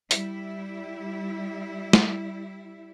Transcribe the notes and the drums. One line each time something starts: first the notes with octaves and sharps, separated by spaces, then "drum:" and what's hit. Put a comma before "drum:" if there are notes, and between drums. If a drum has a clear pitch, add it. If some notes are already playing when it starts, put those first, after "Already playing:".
G3 E4, drum: hi-hat
drum: snare